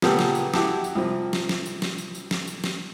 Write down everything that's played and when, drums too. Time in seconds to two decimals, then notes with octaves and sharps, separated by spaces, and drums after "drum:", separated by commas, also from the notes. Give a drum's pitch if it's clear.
0.02 A#2 C#3 B3 G4 A4, drum: snare
0.19 drum: snare
0.35 drum: tambourine
0.54 E4 F#4 G4 F#5 A5 D6, drum: snare
0.84 drum: tambourine
0.95 C2 F3
1.33 drum: snare
1.49 drum: snare
1.66 drum: tambourine
1.82 drum: snare
1.98 drum: tambourine
2.15 drum: tambourine
2.31 drum: snare
2.47 drum: tambourine
2.64 drum: snare